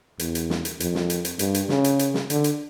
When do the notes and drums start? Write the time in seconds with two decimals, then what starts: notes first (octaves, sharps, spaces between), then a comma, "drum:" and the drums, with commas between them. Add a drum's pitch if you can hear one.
0.19 E2, drum: hi-hat
0.35 drum: hi-hat
0.50 drum: snare
0.65 drum: hi-hat
0.80 F2, drum: hi-hat
0.95 drum: snare
1.10 drum: hi-hat
1.25 drum: hi-hat
1.39 G2, drum: hi-hat
1.55 drum: hi-hat
1.69 C#3, drum: snare
1.84 drum: hi-hat
1.99 drum: hi-hat
2.14 drum: snare
2.30 D3, drum: hi-hat
2.44 drum: hi-hat